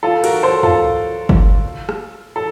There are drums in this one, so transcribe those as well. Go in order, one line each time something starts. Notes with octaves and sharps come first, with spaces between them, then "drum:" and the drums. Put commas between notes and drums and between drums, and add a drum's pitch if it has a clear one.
F4 A4
F#4 A#4, drum: cymbal
A4 C5
F4 A4, drum: tom
drum: kick G1
drum: rim click
A4